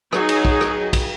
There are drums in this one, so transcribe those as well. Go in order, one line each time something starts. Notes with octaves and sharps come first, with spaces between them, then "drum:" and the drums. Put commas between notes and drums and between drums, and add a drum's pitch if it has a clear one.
F#3 D#4 G#4, drum: rim click
drum: cymbal
drum: kick
drum: rim click
drum: kick, cymbal